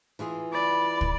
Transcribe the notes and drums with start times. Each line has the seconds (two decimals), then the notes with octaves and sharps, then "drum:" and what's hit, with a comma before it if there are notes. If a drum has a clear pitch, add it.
0.19 E3 F4 G#4
0.53 D5 B5
1.01 drum: kick